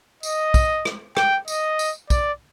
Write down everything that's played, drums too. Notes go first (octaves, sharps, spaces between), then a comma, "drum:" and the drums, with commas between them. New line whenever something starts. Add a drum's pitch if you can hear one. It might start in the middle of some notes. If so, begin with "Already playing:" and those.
D#5, drum: tambourine
drum: kick, tambourine
drum: rim click
G5, drum: rim click
D#5, drum: tambourine
drum: tambourine
D5, drum: kick, tambourine